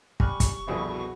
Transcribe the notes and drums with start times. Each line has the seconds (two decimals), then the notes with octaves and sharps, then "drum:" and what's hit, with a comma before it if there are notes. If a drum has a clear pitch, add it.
0.20 G3 G#5 C#6 F6 F#6, drum: kick
0.40 drum: kick, hi-hat
0.67 G1 C2 F2 B2 E4 F#4 G#4